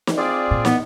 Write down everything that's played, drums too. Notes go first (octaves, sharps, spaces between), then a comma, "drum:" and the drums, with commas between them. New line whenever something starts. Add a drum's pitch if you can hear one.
drum: snare
C4 F4 G#4 D5
A#2
B3, drum: snare